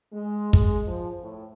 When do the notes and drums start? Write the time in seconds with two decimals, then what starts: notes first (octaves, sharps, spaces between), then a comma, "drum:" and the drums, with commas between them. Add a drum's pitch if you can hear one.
0.12 G#3
0.53 G#3, drum: kick
0.88 F3
1.22 A2